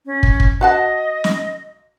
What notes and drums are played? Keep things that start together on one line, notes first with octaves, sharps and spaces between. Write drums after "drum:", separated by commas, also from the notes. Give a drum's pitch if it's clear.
C#4
drum: kick
drum: kick
F#4 D#5 F#5 A5
drum: snare